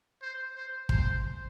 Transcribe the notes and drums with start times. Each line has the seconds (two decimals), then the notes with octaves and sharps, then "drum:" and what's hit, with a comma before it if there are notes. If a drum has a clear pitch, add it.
0.22 C5
0.56 C5
0.89 C5, drum: kick